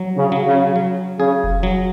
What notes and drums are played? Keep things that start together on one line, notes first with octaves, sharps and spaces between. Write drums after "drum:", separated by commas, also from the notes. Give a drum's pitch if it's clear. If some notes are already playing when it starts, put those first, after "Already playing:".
Already playing: F#3
C#3
F#3
C#3
F#3
C#3 G#4
drum: kick F1
F#3